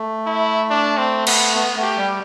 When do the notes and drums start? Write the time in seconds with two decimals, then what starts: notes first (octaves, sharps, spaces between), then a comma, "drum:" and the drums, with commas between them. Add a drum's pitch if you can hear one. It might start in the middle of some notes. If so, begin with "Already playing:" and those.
Already playing: A3
0.27 E4
0.70 D4
0.98 C4
1.27 B3, drum: cymbal
1.55 B3
1.76 A3
1.82 G4
1.97 G3